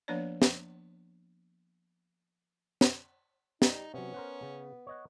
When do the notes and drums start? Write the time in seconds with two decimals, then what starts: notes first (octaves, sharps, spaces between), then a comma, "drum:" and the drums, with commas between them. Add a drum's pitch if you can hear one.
0.08 F3 A#3 B3 D4 C#5 D5
0.42 drum: snare
2.81 drum: snare
3.62 G3 D#4, drum: snare
3.94 C3 F#3 B3 C#4
4.14 A#4 C5 F#5
4.42 C#3
4.87 C#5 D#5 F#5